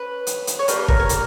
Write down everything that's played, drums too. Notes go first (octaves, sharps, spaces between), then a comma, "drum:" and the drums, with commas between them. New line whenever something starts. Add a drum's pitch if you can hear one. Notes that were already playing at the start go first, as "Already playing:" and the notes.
Already playing: C#4 B4
drum: hi-hat
drum: hi-hat
C#5
A#3 D4 G4 B4, drum: hi-hat
B4
A#4 C#5, drum: kick
A#4 C#5
drum: hi-hat